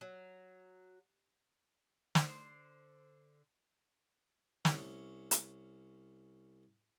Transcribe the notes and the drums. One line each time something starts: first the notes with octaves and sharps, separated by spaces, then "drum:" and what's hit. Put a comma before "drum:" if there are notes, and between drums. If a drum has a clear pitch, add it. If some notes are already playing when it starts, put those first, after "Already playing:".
F#3
D3 C5, drum: snare
C2 C#4, drum: snare
drum: hi-hat